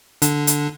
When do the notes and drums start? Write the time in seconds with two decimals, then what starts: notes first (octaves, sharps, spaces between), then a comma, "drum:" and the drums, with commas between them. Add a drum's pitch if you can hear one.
0.22 D3 D4, drum: hi-hat
0.47 drum: hi-hat